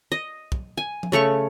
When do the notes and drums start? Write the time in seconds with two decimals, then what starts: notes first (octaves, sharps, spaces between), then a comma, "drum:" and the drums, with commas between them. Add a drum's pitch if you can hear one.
0.12 D#5
0.52 drum: kick
0.77 G#5
1.03 drum: tom F3
1.12 C#3 A3 C#5 C#6